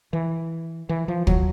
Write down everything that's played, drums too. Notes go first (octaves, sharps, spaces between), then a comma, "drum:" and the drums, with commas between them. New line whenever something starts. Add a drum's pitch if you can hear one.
E3
E3
F3
F#3, drum: kick